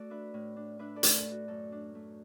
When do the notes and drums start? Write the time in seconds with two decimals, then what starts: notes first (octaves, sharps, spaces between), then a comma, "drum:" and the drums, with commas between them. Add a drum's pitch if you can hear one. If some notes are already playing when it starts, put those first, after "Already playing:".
Already playing: A3 F#4 A4 D5
0.10 D4 B4 E5
0.34 A2
0.56 D4
0.79 D4 B4 E5
0.96 A4 D5
1.03 A3, drum: hi-hat
1.14 A4
1.26 D4
1.31 F#4
1.48 F#2 A4
1.72 D4
1.95 A3